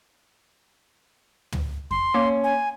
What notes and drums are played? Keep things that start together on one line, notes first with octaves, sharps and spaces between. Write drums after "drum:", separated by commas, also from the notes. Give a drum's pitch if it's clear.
drum: tom
C6, drum: kick F2
A#3 C#4
G#5